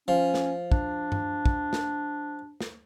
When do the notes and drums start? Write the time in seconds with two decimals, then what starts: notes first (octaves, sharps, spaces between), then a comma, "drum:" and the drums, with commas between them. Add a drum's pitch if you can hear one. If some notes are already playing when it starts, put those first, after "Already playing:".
0.08 F3 C#4
0.34 drum: snare
0.72 D4, drum: kick
1.12 drum: tom G2
1.46 drum: kick
1.73 drum: snare
2.61 drum: snare